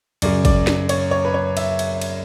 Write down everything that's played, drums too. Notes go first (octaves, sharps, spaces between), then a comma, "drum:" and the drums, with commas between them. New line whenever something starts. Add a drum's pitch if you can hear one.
F#2 C#3 F#3 D5, drum: cymbal
D5, drum: kick, cymbal
drum: snare
C#5, drum: cymbal
C#5
B4
C#5
E5, drum: cymbal
drum: cymbal
drum: cymbal